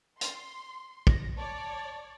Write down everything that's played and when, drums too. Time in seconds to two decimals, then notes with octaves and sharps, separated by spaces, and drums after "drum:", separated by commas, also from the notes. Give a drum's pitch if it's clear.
0.21 C6, drum: hi-hat
1.07 A#6, drum: kick
1.37 C#5 D5 A5